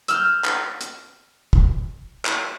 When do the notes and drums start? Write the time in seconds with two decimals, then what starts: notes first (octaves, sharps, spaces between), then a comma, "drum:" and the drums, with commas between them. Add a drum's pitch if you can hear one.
0.08 E6 F6 G6, drum: hi-hat
0.45 drum: clap
0.81 drum: hi-hat
1.53 drum: kick
2.25 drum: clap